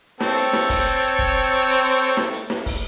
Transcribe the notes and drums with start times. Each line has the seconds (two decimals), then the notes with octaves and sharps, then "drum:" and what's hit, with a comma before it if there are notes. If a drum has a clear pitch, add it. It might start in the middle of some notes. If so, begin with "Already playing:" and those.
0.20 C4 A4 C#5, drum: snare
0.37 drum: hi-hat
0.53 drum: snare
0.70 drum: kick, open hi-hat
0.86 drum: hi-hat
1.19 drum: kick, hi-hat
1.35 drum: hi-hat
1.51 drum: hi-hat
1.68 drum: hi-hat
1.84 drum: hi-hat
2.01 drum: hi-hat
2.17 drum: snare
2.33 drum: hi-hat
2.50 drum: snare
2.66 drum: kick, open hi-hat